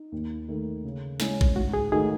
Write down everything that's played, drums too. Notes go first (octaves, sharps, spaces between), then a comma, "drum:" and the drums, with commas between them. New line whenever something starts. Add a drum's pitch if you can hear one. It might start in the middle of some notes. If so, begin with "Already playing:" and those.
Already playing: D#4
D#2
D#3 A3
C#3
G#3 C#4 E4, drum: snare
drum: kick A1
G#2 F#4
G#4
D#3 A3 D#4 F#4 G#4